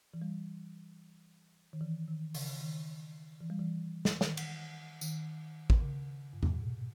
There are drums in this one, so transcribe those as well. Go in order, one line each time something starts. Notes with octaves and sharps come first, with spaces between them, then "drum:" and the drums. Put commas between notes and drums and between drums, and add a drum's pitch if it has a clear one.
E3
G3
D#3
E3
D#3
C#3, drum: open hi-hat
D#3
E3
G3
E3
drum: snare
D#3, drum: snare
drum: cymbal
D#3, drum: tambourine
drum: kick
C#3
G2
G#2, drum: tom E2
A#2
B2